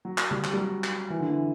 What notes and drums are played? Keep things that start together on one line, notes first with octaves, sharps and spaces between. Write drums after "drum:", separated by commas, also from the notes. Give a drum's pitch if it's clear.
F#3
drum: clap
G3, drum: tom
drum: clap
G3
F#3
drum: clap
E3
D3
E3